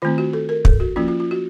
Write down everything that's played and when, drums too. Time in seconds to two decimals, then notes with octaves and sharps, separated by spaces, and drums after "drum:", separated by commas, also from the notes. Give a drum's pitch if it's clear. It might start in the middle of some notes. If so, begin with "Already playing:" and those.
0.02 D#3 A3 C4 F4
0.18 F#4
0.33 A4
0.49 A#4
0.65 A4, drum: kick
0.80 F#4
0.96 F3 A#3 C#4 F4
1.08 F4
1.20 F4
1.31 F#4